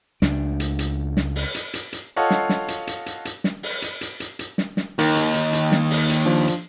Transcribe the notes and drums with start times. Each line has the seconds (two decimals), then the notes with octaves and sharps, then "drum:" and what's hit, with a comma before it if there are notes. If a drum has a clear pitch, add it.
0.22 C#2 D4, drum: snare
0.60 drum: hi-hat
0.79 drum: hi-hat
1.17 drum: snare
1.36 drum: open hi-hat
1.55 drum: hi-hat
1.74 drum: hi-hat
1.93 drum: hi-hat
2.16 F4 A4 C#5 D#5 F5 F#5
2.30 drum: snare
2.49 drum: snare
2.68 drum: hi-hat
2.87 drum: hi-hat
3.06 drum: hi-hat
3.25 drum: hi-hat
3.44 drum: snare
3.63 drum: open hi-hat
3.82 drum: hi-hat
4.01 drum: hi-hat
4.20 drum: hi-hat
4.39 drum: hi-hat
4.58 drum: snare
4.77 drum: snare
4.99 D#2 D#3, drum: hi-hat
5.15 drum: hi-hat
5.34 drum: hi-hat
5.53 drum: hi-hat
5.72 drum: snare
5.91 drum: open hi-hat
6.10 drum: hi-hat
6.25 F3 D4
6.48 drum: hi-hat